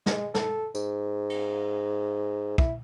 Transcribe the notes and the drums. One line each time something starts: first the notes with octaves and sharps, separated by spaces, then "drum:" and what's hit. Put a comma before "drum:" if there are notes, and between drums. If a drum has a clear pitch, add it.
G#3, drum: snare
A4, drum: snare
G#2, drum: tambourine
drum: cymbal
E4, drum: kick